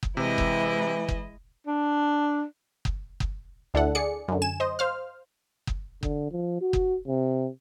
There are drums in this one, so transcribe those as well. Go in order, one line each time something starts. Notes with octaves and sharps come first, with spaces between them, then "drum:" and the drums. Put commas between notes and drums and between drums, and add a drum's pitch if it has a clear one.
drum: kick F#1
C3 E3 G#3 E4 D#5
drum: kick F#1
drum: kick F#1
D4
drum: kick F#1
drum: kick F#1
D2 D4 E4 A4 F#5
G#4 D5 C#7
F#2 D3
G#5 E7
C5 D#5
C5 F5 F6
drum: kick F#1
D3, drum: kick F#1
F3
F#4
drum: kick F#1
C3